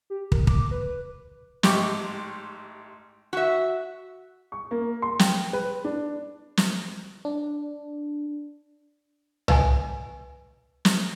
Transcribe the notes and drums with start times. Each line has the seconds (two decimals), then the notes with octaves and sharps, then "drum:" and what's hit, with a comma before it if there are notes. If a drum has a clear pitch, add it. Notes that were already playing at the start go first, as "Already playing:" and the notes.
0.10 G4
0.32 A#4, drum: kick
0.47 D6, drum: kick
0.71 B4
1.63 A1 G#2 G4 C#6 D6, drum: snare
3.33 F#4 E5
4.52 C#6
4.71 A#3
5.02 C6
5.19 G5, drum: snare
5.53 B4
5.85 D4
6.57 drum: snare
7.25 D4
9.48 B4 D#5 G#5, drum: tom
10.85 drum: snare